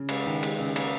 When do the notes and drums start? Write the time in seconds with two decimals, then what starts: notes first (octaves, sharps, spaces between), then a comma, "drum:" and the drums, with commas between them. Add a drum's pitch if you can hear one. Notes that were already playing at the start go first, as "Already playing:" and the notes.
Already playing: C#3
0.09 G#3, drum: cymbal
0.26 D#3
0.43 G#3, drum: cymbal
0.59 C#3
0.76 A#3, drum: cymbal